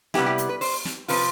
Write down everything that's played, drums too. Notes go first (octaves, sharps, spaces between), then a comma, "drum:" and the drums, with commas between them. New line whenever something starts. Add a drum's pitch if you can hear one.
C3 G3 B3 E4 G4, drum: snare
G4
drum: hi-hat
B4
C5, drum: open hi-hat
drum: snare
C3 F3 C4 F4 B4, drum: open hi-hat